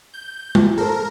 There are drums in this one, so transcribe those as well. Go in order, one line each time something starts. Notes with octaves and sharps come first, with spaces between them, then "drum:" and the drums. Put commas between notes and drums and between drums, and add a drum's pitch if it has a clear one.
G6
drum: tom
A4 A#4 C5